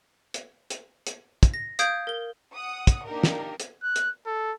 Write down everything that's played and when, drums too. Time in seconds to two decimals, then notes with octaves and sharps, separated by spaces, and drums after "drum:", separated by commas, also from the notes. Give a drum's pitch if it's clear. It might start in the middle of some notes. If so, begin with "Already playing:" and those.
0.34 drum: hi-hat
0.70 drum: hi-hat
1.07 drum: hi-hat
1.43 drum: kick, hi-hat
1.54 A#6
1.79 F5 D#6 G6 G#6 D7, drum: hi-hat
2.07 A#4 G7
2.55 F#5 D#6
2.87 drum: kick, hi-hat
3.07 A#3 D4 D#4 G4 A#4
3.23 drum: snare
3.60 drum: hi-hat
3.83 F#6
3.96 drum: hi-hat
4.26 A4